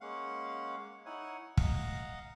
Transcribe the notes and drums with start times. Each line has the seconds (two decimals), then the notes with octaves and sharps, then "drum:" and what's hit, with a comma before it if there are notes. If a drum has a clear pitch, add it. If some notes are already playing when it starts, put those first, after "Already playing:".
0.01 G#3 A#3 C#4 F5 F#5
1.06 D#4 E4 C#5 F#5 G#5
1.57 D#5 F5 F#5 A#5, drum: kick